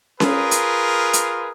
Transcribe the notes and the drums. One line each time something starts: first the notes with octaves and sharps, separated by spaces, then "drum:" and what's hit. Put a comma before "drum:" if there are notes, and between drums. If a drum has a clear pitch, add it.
F4 G#4 A#4 B4, drum: snare C#4
drum: hi-hat
drum: hi-hat